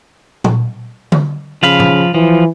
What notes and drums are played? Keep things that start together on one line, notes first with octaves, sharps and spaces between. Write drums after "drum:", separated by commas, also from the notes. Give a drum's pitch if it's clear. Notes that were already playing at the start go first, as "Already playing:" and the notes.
drum: tom
drum: tom D3
C#3 F3 F5 B5
drum: tom G#2
E3 F3